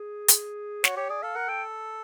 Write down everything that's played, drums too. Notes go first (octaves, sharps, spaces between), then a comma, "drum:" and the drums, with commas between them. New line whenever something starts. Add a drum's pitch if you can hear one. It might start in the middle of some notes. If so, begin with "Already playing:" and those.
Already playing: G#4
drum: hi-hat
F#4 C#5, drum: snare
G4 C#5
G#4 D5
A4 F5
A#4 F#5
A4 G5